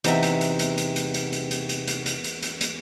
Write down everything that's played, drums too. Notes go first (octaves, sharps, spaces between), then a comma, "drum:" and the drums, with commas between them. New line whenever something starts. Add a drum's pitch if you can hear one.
E2 C3 D#4 E5 G5, drum: hi-hat
drum: hi-hat
drum: hi-hat
drum: hi-hat
drum: hi-hat
drum: hi-hat
drum: hi-hat
drum: hi-hat
drum: hi-hat
drum: hi-hat
drum: hi-hat
drum: hi-hat
drum: hi-hat
drum: hi-hat
drum: hi-hat